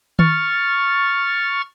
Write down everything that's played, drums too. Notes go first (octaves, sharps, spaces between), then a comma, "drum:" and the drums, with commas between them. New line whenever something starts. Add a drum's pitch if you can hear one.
C#6 F6 A6, drum: tom D#3